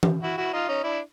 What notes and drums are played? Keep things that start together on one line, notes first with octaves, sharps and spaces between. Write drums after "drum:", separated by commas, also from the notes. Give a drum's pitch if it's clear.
drum: tom E3
E4 F#4
E4 F#4
D#4 F4
C#4 D#4
D4 E4